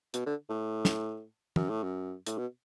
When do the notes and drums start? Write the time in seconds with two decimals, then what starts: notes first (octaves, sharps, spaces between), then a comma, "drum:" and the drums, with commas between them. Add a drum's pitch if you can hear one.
0.14 B2, drum: hi-hat
0.26 D3
0.49 A2
0.85 drum: snare
1.56 F#2, drum: tom
1.70 A2
1.83 F#2
2.27 A2, drum: hi-hat
2.38 B2